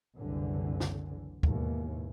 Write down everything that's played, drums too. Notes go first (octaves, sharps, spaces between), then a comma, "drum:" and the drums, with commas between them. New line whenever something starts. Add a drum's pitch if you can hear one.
F#1 C2 F#2 D3 E3
drum: snare
D#2 G#2 B2 E3, drum: kick D2